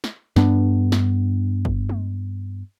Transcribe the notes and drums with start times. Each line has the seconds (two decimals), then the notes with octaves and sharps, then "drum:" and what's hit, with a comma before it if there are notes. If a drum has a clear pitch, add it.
0.04 drum: snare
0.36 G2 B3 D4, drum: snare
0.92 drum: snare
1.65 drum: kick
1.89 drum: tom G#3